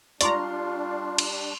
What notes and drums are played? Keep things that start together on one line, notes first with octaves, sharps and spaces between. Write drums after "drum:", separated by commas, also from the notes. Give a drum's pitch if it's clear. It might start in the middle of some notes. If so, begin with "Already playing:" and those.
G3 D4 F4 D5 A#5 C6 C#6, drum: hi-hat
drum: cymbal